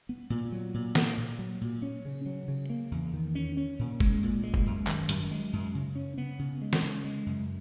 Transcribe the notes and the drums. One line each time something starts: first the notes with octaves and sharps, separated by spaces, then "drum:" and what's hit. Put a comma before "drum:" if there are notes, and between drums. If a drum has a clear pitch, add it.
B3
A#2
F#3
A#2
A#3, drum: snare
A#2
F#3
A#2
C#4
C#3
F#3
C#3
A#3
E2
D#3
C#4
C#4
A#2
G#3, drum: kick F1
A#2
G#3
drum: kick F1
F#2
D#3, drum: clap
F#2, drum: hi-hat
G#3
F#2
C#3
C#4
B3
C#3
G#3
drum: snare
C#3
G#3
F#2